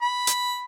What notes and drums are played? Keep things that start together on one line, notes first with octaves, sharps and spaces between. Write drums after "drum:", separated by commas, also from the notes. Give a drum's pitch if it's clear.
B5
drum: hi-hat